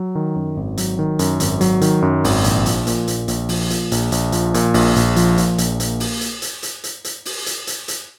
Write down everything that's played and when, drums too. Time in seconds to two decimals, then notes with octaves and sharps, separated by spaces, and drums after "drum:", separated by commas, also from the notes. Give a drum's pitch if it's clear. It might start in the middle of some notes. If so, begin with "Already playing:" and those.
Already playing: F#3
0.15 D#3
0.36 F#2
0.57 G#1
0.78 F#3, drum: hi-hat
0.99 D#3
1.19 F#2, drum: hi-hat
1.40 G#1, drum: hi-hat
1.61 F#3, drum: hi-hat
1.81 D#3, drum: hi-hat
2.02 F#2
2.24 G#1, drum: open hi-hat
2.44 A#1, drum: hi-hat
2.66 F3, drum: hi-hat
2.87 A#2, drum: hi-hat
3.07 A#1, drum: hi-hat
3.28 A#1, drum: hi-hat
3.49 F3, drum: open hi-hat
3.70 A#2, drum: hi-hat
3.92 A#1, drum: hi-hat
4.12 A#1, drum: hi-hat
4.32 F3, drum: hi-hat
4.54 A#2, drum: hi-hat
4.74 A#1, drum: open hi-hat
4.96 A#1, drum: hi-hat
5.16 F3, drum: hi-hat
5.38 A#2, drum: hi-hat
5.58 A#1, drum: hi-hat
5.80 A#3, drum: hi-hat
6.00 drum: open hi-hat
6.21 drum: hi-hat
6.42 drum: hi-hat
6.63 drum: hi-hat
6.84 drum: hi-hat
7.05 drum: hi-hat
7.25 drum: open hi-hat
7.46 drum: hi-hat
7.67 drum: hi-hat
7.88 drum: hi-hat